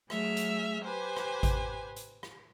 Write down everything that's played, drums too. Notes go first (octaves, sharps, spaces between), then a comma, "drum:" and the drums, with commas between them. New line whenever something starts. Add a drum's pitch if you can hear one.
F#3 A3 G#4 E5 F6, drum: rim click
drum: hi-hat
G4 B4 C5 G#5
drum: rim click
drum: kick G#1, hi-hat
drum: hi-hat
drum: rim click